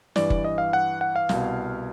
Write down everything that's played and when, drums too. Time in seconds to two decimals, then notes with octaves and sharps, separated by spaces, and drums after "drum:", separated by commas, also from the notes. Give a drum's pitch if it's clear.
0.16 G2 E3 D5, drum: snare
0.30 drum: kick F#1
0.44 D#5
0.58 F5
0.73 F#5
1.01 F#5
1.16 F5
1.29 C2 B2, drum: snare